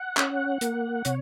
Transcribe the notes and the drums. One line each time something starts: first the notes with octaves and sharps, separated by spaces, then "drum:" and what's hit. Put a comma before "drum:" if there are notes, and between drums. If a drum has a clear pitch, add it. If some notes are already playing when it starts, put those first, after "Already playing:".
Already playing: F#5
C#4, drum: clap
A#3, drum: hi-hat
C3 C#5, drum: hi-hat